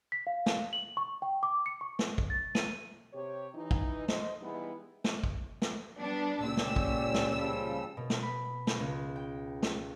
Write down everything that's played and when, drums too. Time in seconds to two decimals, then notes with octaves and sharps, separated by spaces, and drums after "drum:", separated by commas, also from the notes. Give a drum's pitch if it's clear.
0.12 B6
0.27 F5
0.46 drum: snare
0.73 F#7
0.97 C#6
1.22 G5
1.43 D6
1.66 C#7
1.81 C#6
1.99 drum: snare
2.18 drum: kick
2.30 A6
2.55 D#7, drum: snare
3.14 C3 G4 C#5
3.55 E3 D#4
3.71 drum: kick
4.08 C5 D#5, drum: snare
4.42 E3 G3 G#3 B3 D#4 E4
5.04 drum: snare
5.24 drum: kick
5.62 drum: snare
5.98 G3 B3 D4
6.43 C#2 A#2 C#4 G4 D5 E6
6.57 drum: snare
6.76 drum: kick
7.14 drum: snare
7.34 C#3 F3 G3
7.97 B2
8.10 drum: snare
8.22 B5
8.67 drum: snare
8.79 C#2
9.16 G5
9.63 drum: snare